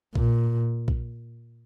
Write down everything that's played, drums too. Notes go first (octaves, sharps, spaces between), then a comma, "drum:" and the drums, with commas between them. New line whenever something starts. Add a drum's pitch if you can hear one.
A#2, drum: kick A#1
drum: kick A#1